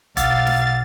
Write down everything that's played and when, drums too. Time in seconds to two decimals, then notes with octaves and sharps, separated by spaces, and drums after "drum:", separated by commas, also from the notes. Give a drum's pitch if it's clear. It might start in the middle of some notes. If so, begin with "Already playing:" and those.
0.17 B1 F5 F#5 D6 E6 A6, drum: kick F1, hi-hat
0.47 drum: snare